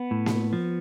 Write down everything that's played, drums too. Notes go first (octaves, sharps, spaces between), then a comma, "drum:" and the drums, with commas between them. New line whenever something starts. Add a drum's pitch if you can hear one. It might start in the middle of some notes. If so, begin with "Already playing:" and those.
Already playing: B3
A2
drum: snare A#3
F3